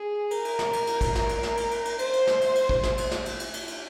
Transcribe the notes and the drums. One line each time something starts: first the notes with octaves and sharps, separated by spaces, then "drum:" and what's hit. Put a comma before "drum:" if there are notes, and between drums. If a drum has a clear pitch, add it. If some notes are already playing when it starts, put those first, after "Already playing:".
Already playing: G#4
A#4, drum: cymbal
drum: cymbal
drum: snare
drum: cymbal
drum: cymbal
drum: kick, cymbal
A#4, drum: snare
drum: cymbal
drum: snare
drum: cymbal
drum: cymbal
drum: cymbal
C5, drum: cymbal
drum: cymbal
drum: snare
drum: cymbal
drum: cymbal
drum: kick
drum: snare
drum: cymbal
drum: snare
drum: cymbal
drum: cymbal
drum: cymbal
drum: cymbal